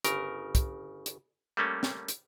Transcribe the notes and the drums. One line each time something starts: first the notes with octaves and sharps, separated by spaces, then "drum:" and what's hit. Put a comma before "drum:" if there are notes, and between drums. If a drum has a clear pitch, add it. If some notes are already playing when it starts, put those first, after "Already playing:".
G1 C#3 A#4, drum: hi-hat
drum: kick, hi-hat
drum: hi-hat
G3 A3 A#3 C#4
drum: snare
drum: hi-hat